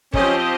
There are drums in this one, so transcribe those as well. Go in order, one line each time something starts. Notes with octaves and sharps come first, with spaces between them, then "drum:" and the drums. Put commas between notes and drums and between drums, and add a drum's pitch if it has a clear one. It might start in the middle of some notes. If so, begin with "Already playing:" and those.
F3 C4 C#4 G4 C5 D#5, drum: kick